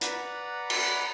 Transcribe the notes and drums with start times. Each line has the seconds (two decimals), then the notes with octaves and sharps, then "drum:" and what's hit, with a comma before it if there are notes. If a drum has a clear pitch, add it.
0.01 B4 D5 F#5 A#5 B5, drum: hi-hat
0.70 drum: cymbal